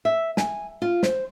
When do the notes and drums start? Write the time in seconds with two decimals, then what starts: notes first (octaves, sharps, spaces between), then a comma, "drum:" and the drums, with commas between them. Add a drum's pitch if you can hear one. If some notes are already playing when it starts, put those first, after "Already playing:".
0.05 E5
0.37 G#5, drum: snare
0.82 F4
1.03 C5, drum: snare